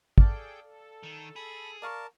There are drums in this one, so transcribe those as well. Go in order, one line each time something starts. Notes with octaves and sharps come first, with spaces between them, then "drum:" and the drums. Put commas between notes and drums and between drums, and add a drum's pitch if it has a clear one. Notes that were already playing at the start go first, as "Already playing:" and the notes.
G#4 A4 D5 F5 G5 A5, drum: kick
A4
D#3
G#4 B5
A#4 D5 F5 A5 C#6